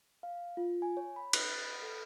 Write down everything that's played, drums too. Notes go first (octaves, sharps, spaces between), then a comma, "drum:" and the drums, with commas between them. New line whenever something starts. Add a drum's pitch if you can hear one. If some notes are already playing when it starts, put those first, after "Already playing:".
F5
F4
G#5
C#5
B5
F#6, drum: cymbal
A6
B5
A4